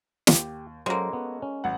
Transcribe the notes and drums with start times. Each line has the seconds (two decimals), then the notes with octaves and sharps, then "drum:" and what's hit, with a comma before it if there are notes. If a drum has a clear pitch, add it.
0.27 D#2 G4, drum: snare
0.86 F#3 G#3 A#3 C#4 F#4 A4 C5
1.13 B3
1.42 C#4
1.64 A1 F#5